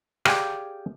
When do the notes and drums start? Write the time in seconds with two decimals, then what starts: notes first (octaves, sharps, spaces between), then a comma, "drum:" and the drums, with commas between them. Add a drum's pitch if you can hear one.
0.25 G4 G#4 D5 F5 G5 G#5, drum: rim click